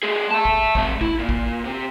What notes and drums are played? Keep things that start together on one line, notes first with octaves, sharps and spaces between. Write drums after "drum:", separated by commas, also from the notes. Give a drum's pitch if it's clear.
A3 G#4
E5 A5
drum: kick
F3 A3, drum: kick
E4, drum: kick
A#2
drum: kick
C3